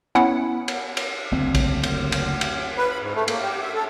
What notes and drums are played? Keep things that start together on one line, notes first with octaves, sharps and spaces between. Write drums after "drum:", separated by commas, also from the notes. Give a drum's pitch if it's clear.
B3 C#4 E4 F#5
drum: cymbal
drum: cymbal
F#1 D2 C4
drum: kick, cymbal
drum: cymbal
drum: cymbal
drum: cymbal
B4
B5
G#2
A3
A#3, drum: cymbal
G4
E5
A4